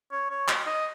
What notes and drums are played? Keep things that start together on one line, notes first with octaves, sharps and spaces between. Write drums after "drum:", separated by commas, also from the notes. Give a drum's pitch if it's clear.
C#5
C#5
drum: clap
D#5